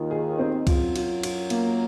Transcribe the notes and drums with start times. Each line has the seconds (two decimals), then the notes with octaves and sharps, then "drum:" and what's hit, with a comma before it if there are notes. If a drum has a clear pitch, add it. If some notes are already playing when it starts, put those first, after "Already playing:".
Already playing: D#2 D#3 F4
0.11 G#4
0.39 C4
0.67 F#2 F#3 F4, drum: kick C2, cymbal
0.96 F4, drum: cymbal
1.23 F4, drum: cymbal
1.50 A#3, drum: cymbal